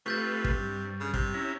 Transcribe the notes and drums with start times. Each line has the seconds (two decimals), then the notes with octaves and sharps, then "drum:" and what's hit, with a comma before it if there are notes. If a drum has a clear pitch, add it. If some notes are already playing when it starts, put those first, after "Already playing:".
0.06 C3 A3 F4 B4 C#6 G6 A6
0.44 drum: kick
0.58 G2
1.00 C#3
1.14 C3, drum: kick
1.34 C#4 E4 A#5